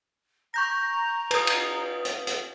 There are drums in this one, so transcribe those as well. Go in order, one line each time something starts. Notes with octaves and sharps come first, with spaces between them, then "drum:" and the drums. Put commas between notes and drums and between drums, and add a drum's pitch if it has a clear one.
A#5 C#6 G6 A#6
B4 D#6, drum: cymbal
drum: cymbal
drum: hi-hat
drum: hi-hat